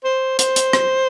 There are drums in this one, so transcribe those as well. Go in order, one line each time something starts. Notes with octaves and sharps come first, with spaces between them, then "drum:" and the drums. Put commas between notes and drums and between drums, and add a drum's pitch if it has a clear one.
C5
C5, drum: hi-hat
drum: hi-hat
drum: rim click